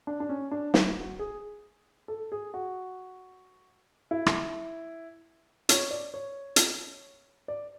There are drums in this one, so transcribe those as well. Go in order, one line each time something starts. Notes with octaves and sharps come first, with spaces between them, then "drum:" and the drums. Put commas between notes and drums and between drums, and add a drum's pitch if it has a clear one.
D4
D4
C#4
D4
E4, drum: snare
F#4
G#4
A4
G#4
F#4
E4
drum: rim click
C#5, drum: hi-hat
D5
C#5
drum: hi-hat
D5